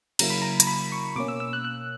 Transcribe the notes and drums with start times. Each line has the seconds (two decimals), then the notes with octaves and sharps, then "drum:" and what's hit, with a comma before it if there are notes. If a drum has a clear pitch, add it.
0.19 C#3 F#3 A#3 E4 A#5, drum: cymbal
0.30 B5
0.42 A#5
0.60 A#5, drum: hi-hat
0.67 B5
0.92 C#6
1.16 B2 A#3 C#4 D6
1.28 E6
1.40 E6
1.53 F#6
1.65 F#6